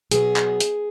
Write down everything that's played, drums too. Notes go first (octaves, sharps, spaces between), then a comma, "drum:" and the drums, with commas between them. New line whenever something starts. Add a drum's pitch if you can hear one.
B2 F#3 B3 G#4, drum: hi-hat
drum: clap
drum: hi-hat